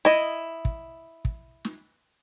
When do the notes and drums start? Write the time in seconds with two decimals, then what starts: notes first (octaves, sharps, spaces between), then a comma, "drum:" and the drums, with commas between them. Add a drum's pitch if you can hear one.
0.05 E4 D#5, drum: snare
0.65 drum: kick
1.25 drum: kick
1.65 drum: snare